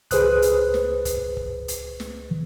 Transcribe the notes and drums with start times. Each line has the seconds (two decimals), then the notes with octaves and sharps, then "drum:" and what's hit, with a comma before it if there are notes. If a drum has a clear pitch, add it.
0.11 C#2 G#4 B4 C5 D#6 F#6, drum: kick, hi-hat
0.42 drum: hi-hat
0.74 drum: snare
1.05 drum: kick, hi-hat
1.37 drum: kick
1.68 drum: hi-hat
2.00 drum: snare